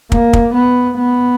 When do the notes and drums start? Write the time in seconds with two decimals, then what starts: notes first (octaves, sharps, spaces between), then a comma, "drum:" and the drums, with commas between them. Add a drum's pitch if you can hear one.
0.12 A#3, drum: kick
0.33 drum: kick
0.55 B3
0.99 B3